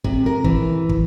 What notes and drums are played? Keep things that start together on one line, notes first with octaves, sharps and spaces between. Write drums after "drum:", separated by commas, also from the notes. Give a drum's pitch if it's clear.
C3, drum: kick
A#4
E3, drum: kick
drum: kick